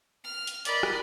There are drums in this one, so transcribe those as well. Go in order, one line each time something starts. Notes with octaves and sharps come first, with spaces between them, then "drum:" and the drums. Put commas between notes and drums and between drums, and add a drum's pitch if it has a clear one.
F6
drum: hi-hat
A#4 D5 D#5 B5, drum: hi-hat
drum: rim click